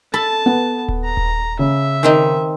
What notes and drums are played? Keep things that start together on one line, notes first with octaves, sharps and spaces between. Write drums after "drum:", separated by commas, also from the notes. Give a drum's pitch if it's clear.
A4 A5 B5
B3 F#5
drum: kick D#1
A#5
drum: kick D#1
C#3 E5
D#3 C4 D#4